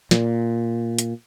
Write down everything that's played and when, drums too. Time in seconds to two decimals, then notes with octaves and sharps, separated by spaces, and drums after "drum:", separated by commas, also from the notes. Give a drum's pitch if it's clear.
0.11 A#2, drum: snare
0.99 drum: hi-hat